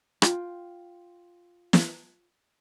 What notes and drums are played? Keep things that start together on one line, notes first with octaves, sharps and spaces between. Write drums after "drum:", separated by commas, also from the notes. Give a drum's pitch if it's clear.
F4 G5, drum: rim click
drum: snare